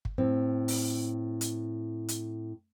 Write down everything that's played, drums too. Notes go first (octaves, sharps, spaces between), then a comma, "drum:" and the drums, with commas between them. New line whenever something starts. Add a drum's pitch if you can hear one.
drum: kick G1
A2 C4
drum: open hi-hat
drum: hi-hat
drum: hi-hat